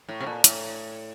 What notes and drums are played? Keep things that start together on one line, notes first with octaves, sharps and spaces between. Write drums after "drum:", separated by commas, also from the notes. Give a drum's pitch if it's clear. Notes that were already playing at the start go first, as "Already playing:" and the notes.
A2
C3
A#2
A2, drum: hi-hat